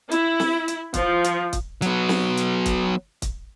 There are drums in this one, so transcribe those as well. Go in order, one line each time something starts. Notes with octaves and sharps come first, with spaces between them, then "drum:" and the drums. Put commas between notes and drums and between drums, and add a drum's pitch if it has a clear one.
E4, drum: hi-hat
drum: snare
drum: hi-hat
F3, drum: kick, hi-hat
drum: hi-hat
drum: kick, hi-hat
F#3 B3, drum: hi-hat
drum: snare
drum: hi-hat
drum: kick, hi-hat
drum: kick, hi-hat